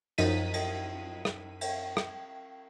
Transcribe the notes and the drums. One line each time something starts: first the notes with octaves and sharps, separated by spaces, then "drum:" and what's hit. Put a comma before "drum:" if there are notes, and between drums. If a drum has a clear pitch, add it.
F#2 F3 D#4 B6 D#7, drum: cymbal
drum: cymbal
drum: rim click
drum: cymbal
drum: rim click